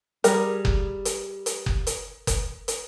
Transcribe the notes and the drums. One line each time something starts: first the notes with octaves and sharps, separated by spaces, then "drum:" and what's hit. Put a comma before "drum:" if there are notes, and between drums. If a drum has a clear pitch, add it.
G3 G#4 A#4, drum: hi-hat
drum: kick F#1
drum: hi-hat
drum: hi-hat
drum: kick F#1
drum: hi-hat
drum: kick F#1, hi-hat
drum: hi-hat